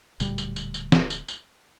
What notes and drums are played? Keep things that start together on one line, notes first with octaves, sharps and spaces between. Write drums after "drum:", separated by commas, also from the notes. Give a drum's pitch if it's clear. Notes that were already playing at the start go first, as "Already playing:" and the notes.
D1 D2 A#2 G3, drum: tambourine
drum: tambourine
drum: tambourine
drum: tambourine
drum: snare
drum: tambourine
drum: tambourine